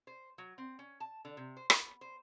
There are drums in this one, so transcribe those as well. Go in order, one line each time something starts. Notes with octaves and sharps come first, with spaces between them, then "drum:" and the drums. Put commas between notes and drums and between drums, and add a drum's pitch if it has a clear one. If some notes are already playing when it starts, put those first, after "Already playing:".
C5
F#3
C4
C#4
A5
D3
C3
C5
B3, drum: rim click
C5